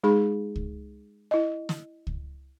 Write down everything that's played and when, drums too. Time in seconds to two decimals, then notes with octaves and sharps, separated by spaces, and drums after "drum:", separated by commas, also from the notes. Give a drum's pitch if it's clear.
0.04 G#3 D#4 G#4 B5
0.56 drum: kick C#2
1.31 E4 D#5
1.69 drum: snare
2.07 drum: kick C#2